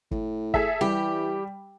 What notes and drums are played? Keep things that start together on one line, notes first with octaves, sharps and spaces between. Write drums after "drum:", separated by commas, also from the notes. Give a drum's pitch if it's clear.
A2, drum: kick
G#4 A4 E5, drum: kick
E3 G3 G4